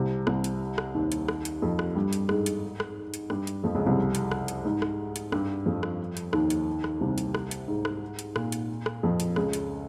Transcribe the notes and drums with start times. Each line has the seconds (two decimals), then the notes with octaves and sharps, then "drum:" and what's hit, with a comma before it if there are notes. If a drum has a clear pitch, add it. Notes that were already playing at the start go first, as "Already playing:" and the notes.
Already playing: C2 C3
0.27 C2 C3, drum: rim click
0.44 drum: hi-hat
0.78 drum: rim click
0.95 D#2 D#3
1.12 drum: hi-hat
1.28 drum: rim click
1.45 drum: hi-hat
1.62 F2 F3
1.79 drum: rim click
1.95 G2 G3
2.13 drum: hi-hat
2.29 G#2 G#3, drum: rim click
2.46 drum: hi-hat
2.80 drum: rim click
3.14 drum: hi-hat
3.30 G2 G3, drum: rim click
3.47 drum: hi-hat
3.64 F2 F3
3.75 C#2 C#3
3.86 C2 C3
4.15 drum: hi-hat
4.31 drum: rim click
4.48 drum: hi-hat
4.65 G#2 G#3
4.82 drum: rim click
5.16 drum: hi-hat
5.32 G2 G3, drum: rim click
5.66 F2 F3
5.83 drum: rim click
6.17 drum: hi-hat
6.33 D#2 D#3, drum: rim click
6.50 drum: hi-hat
6.84 drum: rim click
7.01 C2 C3
7.18 drum: hi-hat
7.35 drum: rim click
7.51 drum: hi-hat
7.68 G#2
7.85 drum: rim click
8.19 drum: hi-hat
8.36 A#2, drum: rim click
8.52 drum: hi-hat
8.86 drum: rim click
9.03 F2 F3
9.20 drum: hi-hat
9.36 C#2 C#3, drum: rim click
9.53 drum: hi-hat